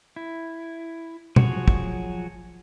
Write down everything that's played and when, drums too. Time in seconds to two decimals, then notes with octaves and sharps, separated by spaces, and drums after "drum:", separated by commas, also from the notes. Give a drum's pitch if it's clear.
0.16 E4
1.36 F3 F#3 F#4 G#4 C#5, drum: tom
1.68 drum: kick